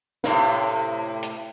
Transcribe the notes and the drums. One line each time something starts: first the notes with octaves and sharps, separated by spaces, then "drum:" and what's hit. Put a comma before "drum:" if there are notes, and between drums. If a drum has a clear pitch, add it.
A2 C3 A#3, drum: snare
drum: hi-hat